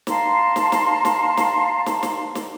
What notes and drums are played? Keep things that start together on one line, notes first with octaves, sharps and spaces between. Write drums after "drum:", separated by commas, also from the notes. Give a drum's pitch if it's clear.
F5 A5 A#5 C6, drum: snare
drum: snare
drum: snare
drum: snare
drum: snare
drum: snare
drum: snare
drum: snare